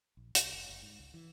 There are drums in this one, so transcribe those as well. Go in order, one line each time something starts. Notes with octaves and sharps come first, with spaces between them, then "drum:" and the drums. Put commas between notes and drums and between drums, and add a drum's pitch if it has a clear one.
A#1
C2, drum: hi-hat
F1
F#1
G#2
C#2
E3